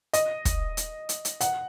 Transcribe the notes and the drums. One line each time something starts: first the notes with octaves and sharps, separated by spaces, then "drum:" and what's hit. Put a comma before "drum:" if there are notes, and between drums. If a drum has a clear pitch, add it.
D#5, drum: hi-hat
drum: kick, hi-hat
drum: hi-hat
drum: hi-hat
drum: hi-hat
F#5, drum: hi-hat